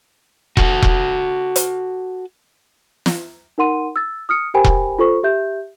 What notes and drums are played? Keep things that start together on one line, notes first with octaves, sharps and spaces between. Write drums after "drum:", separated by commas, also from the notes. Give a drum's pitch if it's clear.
F#4 A4, drum: kick E1
drum: kick E1
drum: hi-hat
drum: snare
D#4 A#4 F#5 C6 D#7
E6 A6
D#6 F6 C#7
G4 A#4 C5 G5 G#5 B5
drum: kick E1
F4 A4 C5 C#6
G4 E5 G6